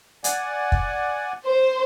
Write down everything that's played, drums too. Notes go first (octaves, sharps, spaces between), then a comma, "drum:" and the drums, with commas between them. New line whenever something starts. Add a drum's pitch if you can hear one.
D5 F#5 G#5, drum: hi-hat
drum: kick
C5